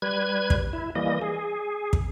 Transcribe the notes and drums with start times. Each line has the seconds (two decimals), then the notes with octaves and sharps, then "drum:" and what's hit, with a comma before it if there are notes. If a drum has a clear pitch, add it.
0.02 G3 B4 G#6
0.50 drum: kick
0.73 E4
0.96 E3 G3 A#3 D#5
1.22 G#4
1.93 drum: kick